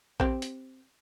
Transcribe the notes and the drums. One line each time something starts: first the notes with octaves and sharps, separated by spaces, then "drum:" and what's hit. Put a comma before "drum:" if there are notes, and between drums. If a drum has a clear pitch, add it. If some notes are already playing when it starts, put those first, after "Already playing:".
C4 G4, drum: kick A#1
drum: hi-hat